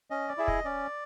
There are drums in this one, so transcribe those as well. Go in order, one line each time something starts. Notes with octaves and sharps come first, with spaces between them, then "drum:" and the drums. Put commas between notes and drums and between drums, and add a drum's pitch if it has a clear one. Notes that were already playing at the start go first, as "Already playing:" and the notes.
C#4 D#5
D5
E4 G#4 E5
D#5, drum: kick
C#4 D5